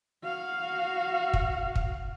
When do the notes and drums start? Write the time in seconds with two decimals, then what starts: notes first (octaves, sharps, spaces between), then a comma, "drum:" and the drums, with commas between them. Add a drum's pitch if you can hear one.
0.24 F#4 F5
1.34 drum: kick
1.76 drum: kick